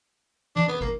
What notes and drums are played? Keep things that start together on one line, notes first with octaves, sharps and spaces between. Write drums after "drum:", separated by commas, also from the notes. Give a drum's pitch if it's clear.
D4, drum: tom E3
B3
A#3, drum: kick